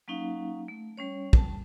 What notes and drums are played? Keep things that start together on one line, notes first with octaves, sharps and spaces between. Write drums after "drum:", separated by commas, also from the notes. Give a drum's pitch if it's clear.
F#3 A#3 C#4 D#4 F5
A3
G3 C#4 C#5
G3 A5, drum: kick